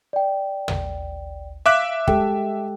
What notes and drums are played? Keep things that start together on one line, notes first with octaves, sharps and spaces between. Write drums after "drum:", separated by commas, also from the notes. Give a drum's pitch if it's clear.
D5 G5
drum: tom
E5 F5 D6 F#6 B6
G#3 G4 A4 G5, drum: kick